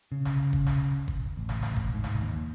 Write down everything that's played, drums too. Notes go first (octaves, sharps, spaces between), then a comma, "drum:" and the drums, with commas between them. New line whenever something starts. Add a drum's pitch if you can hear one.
C#3
drum: snare
drum: kick
drum: snare
drum: kick
A1
drum: snare
drum: snare
drum: kick
G#2
drum: snare
D#2